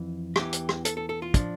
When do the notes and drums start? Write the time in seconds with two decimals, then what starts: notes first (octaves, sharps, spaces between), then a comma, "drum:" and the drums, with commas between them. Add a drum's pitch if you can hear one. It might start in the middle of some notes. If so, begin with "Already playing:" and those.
Already playing: F2 E3
0.36 E2 E3 G4, drum: rim click
0.53 drum: hi-hat
0.69 drum: rim click
0.85 A4, drum: hi-hat
0.97 A4
1.09 A4
1.22 F4
1.34 F3 D4, drum: kick, hi-hat